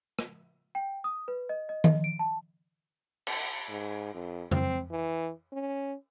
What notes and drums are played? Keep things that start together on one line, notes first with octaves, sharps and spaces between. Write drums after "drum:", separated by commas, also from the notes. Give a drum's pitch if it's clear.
drum: rim click
G5
D#6
B4
D#5
D#5
D#5, drum: tom D#3
D7
A5
drum: cymbal
G#2
F2
C4, drum: tom F2
E3
C#4